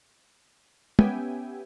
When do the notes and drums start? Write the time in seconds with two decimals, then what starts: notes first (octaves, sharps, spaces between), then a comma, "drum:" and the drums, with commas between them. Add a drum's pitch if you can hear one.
0.99 B3 C#4 G4 E5 G5 G#5, drum: tom